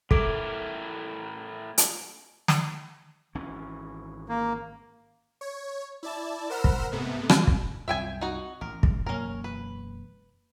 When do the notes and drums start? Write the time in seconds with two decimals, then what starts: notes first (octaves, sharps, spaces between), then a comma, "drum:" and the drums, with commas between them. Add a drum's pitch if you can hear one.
0.11 A2 E4 A4 A#4 D6 D7, drum: kick
1.78 drum: hi-hat
2.48 drum: snare
3.35 G#1 E3 C#4
4.29 A#3
5.41 C#5
6.03 E4 D5 A5
6.50 A#4 C5 F#5 B5 E6 F6
6.64 drum: kick
6.92 G#2 C3 A3 B3
7.29 drum: rim click
7.47 drum: kick
7.88 C2 F#2 E5 G5 G#5
8.21 D#4 F#4
8.61 A1 A#4
8.83 drum: kick
9.06 E1 F#2 A#3 C#4 A#4
9.44 B4